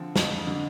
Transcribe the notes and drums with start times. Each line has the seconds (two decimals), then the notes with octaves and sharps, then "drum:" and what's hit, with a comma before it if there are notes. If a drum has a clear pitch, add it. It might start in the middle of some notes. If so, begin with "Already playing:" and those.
Already playing: D3 F3 C4
0.16 F2, drum: snare
0.47 D3